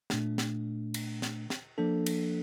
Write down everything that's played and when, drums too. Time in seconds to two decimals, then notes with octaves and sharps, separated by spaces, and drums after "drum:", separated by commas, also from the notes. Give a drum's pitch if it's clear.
0.10 A#2 A3 D4, drum: snare
0.38 drum: snare
0.94 drum: cymbal
1.22 drum: snare
1.50 drum: snare
1.78 F3 A#3 D4 A4
2.06 drum: cymbal